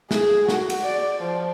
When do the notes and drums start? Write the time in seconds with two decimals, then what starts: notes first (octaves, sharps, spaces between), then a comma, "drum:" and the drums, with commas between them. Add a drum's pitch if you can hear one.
0.11 G#4, drum: snare
0.49 F#4, drum: snare
0.70 drum: cymbal
0.83 D5
1.21 F3